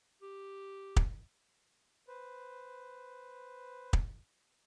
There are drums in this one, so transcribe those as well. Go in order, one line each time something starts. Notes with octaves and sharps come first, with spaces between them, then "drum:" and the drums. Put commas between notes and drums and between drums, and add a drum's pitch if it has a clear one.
G4
drum: kick
B4 C5
drum: kick